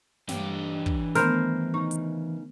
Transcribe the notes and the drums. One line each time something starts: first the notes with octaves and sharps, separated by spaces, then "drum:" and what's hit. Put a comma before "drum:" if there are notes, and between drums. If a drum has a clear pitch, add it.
G2 E3 G4, drum: snare
drum: kick
D#3 A3 B3 A#4 C5, drum: snare
C#3 D#4 C#6
drum: hi-hat